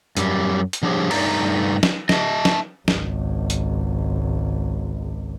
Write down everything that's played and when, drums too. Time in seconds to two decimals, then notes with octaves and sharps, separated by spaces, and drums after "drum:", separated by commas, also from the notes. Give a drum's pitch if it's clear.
0.17 F#2 G3, drum: hi-hat
0.73 drum: hi-hat
0.83 F3 G3 D4 G4 G#4 C#5
1.11 G2 A3 D#4 D5 A#5, drum: cymbal
1.83 drum: snare
2.09 D#5 E5 A5, drum: snare
2.45 drum: snare
2.88 G#1 C#2, drum: snare
3.50 drum: hi-hat